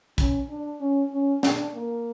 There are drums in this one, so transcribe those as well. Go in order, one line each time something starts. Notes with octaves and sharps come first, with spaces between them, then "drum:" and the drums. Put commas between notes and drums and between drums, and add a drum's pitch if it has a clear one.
C#4, drum: kick, hi-hat
D4
C#4
C#4
D4, drum: snare
A#3